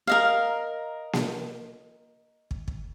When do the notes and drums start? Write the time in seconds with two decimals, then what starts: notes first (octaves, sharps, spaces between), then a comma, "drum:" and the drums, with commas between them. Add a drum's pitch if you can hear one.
0.07 A#4 D#5 F5
1.13 drum: snare A#3
2.51 drum: kick
2.68 drum: kick